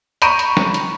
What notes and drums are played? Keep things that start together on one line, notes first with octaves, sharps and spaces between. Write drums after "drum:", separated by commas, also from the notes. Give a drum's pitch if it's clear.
A#5 B5 C#6 G6 D#7 E7, drum: hi-hat
drum: hi-hat
drum: snare
drum: hi-hat